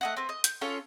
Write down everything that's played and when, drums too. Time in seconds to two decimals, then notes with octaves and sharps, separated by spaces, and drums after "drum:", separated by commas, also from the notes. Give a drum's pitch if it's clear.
0.01 A3 D#5 F#5
0.17 C4 B4
0.29 D#5
0.44 G6, drum: hi-hat
0.61 C#4 F4 A4 C#5